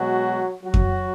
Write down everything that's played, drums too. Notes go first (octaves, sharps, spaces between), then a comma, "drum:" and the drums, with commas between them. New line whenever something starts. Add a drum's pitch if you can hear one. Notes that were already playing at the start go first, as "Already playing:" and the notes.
Already playing: B2 F#3 G#3 F#4
F#3 F#4
drum: kick F2